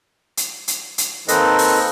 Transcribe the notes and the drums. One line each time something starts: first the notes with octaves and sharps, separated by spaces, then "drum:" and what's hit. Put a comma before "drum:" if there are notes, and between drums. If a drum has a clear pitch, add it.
drum: hi-hat
drum: hi-hat
drum: hi-hat
D#3 A#3 C4 A4 B4 D#5, drum: hi-hat
drum: open hi-hat